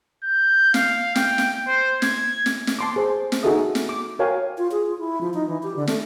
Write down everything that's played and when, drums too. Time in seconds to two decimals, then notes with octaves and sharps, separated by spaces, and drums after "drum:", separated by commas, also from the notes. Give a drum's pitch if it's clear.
0.24 G6
0.74 F5, drum: snare
1.15 G5, drum: snare
1.38 drum: snare
1.68 C5
2.02 G#6, drum: snare
2.46 drum: snare
2.67 drum: snare
2.79 A5 C6 D6
2.96 G#4 C5
3.32 drum: snare
3.43 D#4 F#4 G#4 A4 E5 D#6
3.75 drum: snare
3.89 D6
4.19 F#4 A#4 C#5 F5 G5 G#5
4.58 F4
4.71 G#4
4.86 F4
4.99 E4
5.21 F3
5.34 D#4
5.47 E3
5.63 G4
5.76 D3
5.87 A3, drum: snare